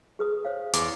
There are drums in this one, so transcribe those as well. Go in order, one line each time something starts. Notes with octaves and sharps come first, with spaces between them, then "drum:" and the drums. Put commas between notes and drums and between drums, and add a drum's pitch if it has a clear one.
G#4 B4 D#6
C5 C#5 F5
E2 D6, drum: hi-hat